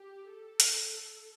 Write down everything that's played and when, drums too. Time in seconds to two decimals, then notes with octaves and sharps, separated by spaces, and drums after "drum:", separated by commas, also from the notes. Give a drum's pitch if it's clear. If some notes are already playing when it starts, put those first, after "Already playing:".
Already playing: G4
0.30 A4
0.60 drum: hi-hat